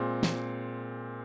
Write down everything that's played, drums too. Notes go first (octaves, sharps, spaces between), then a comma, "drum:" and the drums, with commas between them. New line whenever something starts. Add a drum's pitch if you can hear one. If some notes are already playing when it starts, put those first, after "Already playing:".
Already playing: A#2 G#3 C4
drum: snare